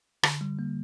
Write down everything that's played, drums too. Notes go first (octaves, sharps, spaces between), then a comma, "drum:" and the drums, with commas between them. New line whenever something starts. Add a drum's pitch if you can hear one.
D3, drum: rim click
G3
A#3